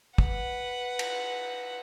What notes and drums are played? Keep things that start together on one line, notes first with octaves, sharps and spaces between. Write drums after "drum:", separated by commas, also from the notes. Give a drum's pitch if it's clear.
B4 F#5, drum: kick
drum: cymbal